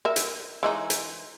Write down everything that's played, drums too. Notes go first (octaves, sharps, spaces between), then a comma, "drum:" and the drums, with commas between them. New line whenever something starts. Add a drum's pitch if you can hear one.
A#4 E5
drum: hi-hat
E3 G#3 D#4
drum: hi-hat